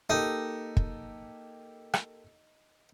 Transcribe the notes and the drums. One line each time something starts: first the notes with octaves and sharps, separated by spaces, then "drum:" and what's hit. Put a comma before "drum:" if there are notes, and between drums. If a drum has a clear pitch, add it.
A#3 D#4 G4 A4
drum: kick
drum: rim click